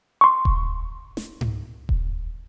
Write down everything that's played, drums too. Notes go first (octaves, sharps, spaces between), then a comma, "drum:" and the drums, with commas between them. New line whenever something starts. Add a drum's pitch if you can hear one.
C6 C#6
drum: kick D#1
drum: snare
drum: tom G#2
drum: kick D#1